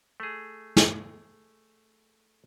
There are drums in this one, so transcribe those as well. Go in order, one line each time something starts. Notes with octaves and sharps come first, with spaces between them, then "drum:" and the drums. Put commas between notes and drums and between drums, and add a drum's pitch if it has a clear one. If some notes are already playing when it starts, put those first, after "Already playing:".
A3 G#4
drum: snare